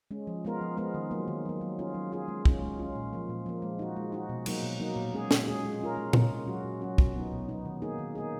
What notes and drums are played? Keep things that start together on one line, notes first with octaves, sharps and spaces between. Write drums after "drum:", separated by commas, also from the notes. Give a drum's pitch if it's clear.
G#3 C#4
F3
G#3 B3 F4 A#4
F3
G#3 B3 F4 A#4
D#3
F#3 A#3
D#3
F#3 A#3
F#3
C#4 F4 G#4
F#3
C#4 F4 G#4
G#3
C#4 F4, drum: kick
G#3
C#4 F4
A#2
F3 A#3
A#2
F3 A#3
G#3
D#4 F#4
G#3
D#4 F#4
B2
F#3 A#3 D#4, drum: cymbal
B2
F#3 A#3 D#4
A#2
G#3 C#4 G#4
A#2, drum: snare
G#3 C#4 G#4
G#3
C#4 F4 A#4
G#3
C#4 F4 A#4, drum: tom A#2
A#2
F#3 C#4 F#4
A#2
F#3 C#4 F#4
B2, drum: kick
F#3 B3 D#4
B2
F#3 B3 D#4
D#3
A#3 D#4 G#4
D#3
A#3 D#4 G#4